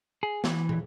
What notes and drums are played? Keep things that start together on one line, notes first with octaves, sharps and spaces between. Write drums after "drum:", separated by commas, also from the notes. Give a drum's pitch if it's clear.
G#4
E3, drum: snare
drum: tom